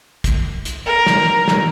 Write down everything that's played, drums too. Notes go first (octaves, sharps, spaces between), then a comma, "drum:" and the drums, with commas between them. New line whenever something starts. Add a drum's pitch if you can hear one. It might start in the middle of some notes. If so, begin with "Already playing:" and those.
drum: kick, hi-hat
drum: hi-hat
A#4
drum: snare
drum: snare